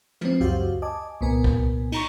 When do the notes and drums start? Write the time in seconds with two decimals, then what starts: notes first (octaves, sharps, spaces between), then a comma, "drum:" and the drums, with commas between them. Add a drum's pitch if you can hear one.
0.21 F3 C4, drum: tom
0.40 C#2 F#2 F#4 G4 C5 F5
0.82 D#5 G#5 A5 D6
1.21 C2 A#2 B3 A#4 G#5
1.44 drum: kick
1.92 D#4 A#5 C#6, drum: cymbal